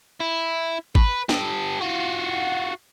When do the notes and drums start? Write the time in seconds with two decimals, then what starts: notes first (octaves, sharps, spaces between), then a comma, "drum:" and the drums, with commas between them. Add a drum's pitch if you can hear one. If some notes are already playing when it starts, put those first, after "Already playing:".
0.20 E4
0.95 B4, drum: kick
1.29 G4 A4, drum: snare
1.81 F4 F#4